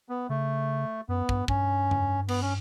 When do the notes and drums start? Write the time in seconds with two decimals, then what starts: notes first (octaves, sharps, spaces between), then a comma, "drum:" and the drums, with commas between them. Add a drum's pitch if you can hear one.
0.09 B3
0.29 C#3 A3
1.08 F#2 B3
1.29 G2, drum: kick
1.48 G2 C#4, drum: kick
1.91 drum: tom F2
2.28 B3, drum: cymbal
2.42 C#4